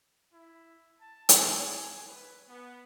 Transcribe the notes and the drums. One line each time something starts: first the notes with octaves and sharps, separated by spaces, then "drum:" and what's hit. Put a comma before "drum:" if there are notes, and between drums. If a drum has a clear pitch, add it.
E4
A5
G#4, drum: hi-hat
G#5
B4
B3